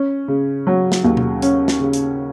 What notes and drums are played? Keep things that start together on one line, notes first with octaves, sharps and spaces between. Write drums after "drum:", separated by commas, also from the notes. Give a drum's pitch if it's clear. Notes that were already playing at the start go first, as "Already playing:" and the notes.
Already playing: C#4
C#3
F#3
drum: snare
D#2
drum: tom B2
C#4, drum: hi-hat
drum: snare
C#3
drum: hi-hat